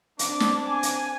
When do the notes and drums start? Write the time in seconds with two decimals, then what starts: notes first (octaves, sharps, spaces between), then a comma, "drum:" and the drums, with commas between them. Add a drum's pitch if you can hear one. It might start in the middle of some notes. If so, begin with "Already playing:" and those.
0.19 C4 D4 D6, drum: hi-hat
0.40 drum: snare
0.68 G#5
0.83 drum: hi-hat